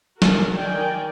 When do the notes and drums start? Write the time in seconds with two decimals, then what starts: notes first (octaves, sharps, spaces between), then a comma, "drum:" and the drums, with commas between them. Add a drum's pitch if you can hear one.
0.22 F#4 A#4, drum: snare
0.54 D#3 A#4 D5 G5 G#5